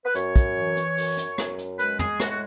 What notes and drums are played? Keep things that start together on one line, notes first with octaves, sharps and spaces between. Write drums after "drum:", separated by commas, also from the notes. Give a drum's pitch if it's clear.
B4
F#2 C#5, drum: hi-hat
drum: kick, hi-hat
E3
drum: hi-hat
F#2, drum: open hi-hat
drum: hi-hat
F#2, drum: rim click
drum: hi-hat
G#3 B4, drum: hi-hat
G#4, drum: tom
A2 F#4, drum: rim click
F#4